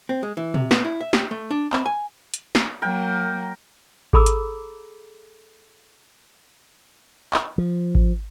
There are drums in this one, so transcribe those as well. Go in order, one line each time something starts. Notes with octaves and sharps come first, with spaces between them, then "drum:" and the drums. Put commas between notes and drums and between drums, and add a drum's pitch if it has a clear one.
C4
G#3
E3
C3, drum: tom A#2
B3, drum: snare
E4
E5
G4, drum: snare
A3
D4
C4, drum: clap
G#5
drum: hi-hat
drum: snare
F#3 A#3 A#4 G5
G#4 A4 A#5 B5 D6 E6, drum: kick G#1
drum: hi-hat
drum: clap
F3
drum: kick G#1